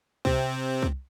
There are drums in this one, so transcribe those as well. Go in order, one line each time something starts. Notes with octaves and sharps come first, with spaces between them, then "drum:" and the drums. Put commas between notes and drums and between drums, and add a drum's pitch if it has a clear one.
C3 C4, drum: kick
drum: kick